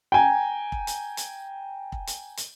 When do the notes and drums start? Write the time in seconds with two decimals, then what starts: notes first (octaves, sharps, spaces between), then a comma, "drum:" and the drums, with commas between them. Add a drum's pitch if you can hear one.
0.12 G5 G#5 A#5
0.72 drum: kick
0.87 drum: hi-hat
1.17 drum: hi-hat
1.92 drum: kick
2.07 drum: hi-hat
2.37 drum: hi-hat